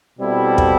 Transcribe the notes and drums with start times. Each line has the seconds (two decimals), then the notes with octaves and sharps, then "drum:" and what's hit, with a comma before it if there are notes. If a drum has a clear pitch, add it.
0.19 B2 G3 C4 E4 A4
0.58 drum: kick